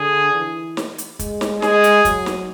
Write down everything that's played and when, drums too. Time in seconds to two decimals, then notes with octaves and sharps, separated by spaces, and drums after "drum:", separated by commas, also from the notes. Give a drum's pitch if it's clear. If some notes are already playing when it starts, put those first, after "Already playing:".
Already playing: D3 G#4
0.34 E3
0.77 drum: snare
0.98 drum: hi-hat
1.19 G#3, drum: kick, hi-hat
1.41 drum: snare
1.62 G#3 G#4, drum: snare
1.84 drum: hi-hat
2.05 F#3, drum: kick, hi-hat
2.26 drum: snare